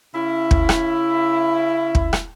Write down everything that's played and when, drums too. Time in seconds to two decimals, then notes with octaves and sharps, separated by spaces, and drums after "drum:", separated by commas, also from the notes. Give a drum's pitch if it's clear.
0.15 C#3 C#4 E4
0.51 drum: kick
0.69 drum: rim click
1.95 drum: kick
2.13 drum: rim click